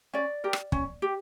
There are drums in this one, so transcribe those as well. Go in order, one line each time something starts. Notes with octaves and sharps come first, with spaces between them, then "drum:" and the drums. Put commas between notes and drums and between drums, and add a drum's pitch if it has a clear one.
C#4 D5
G4 A#4
drum: rim click
C#4, drum: kick
G4